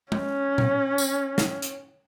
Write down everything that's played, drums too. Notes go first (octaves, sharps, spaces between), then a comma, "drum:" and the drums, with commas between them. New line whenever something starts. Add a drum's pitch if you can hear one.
C#4, drum: tom G#3
drum: tom A#2
drum: tambourine
drum: snare
drum: hi-hat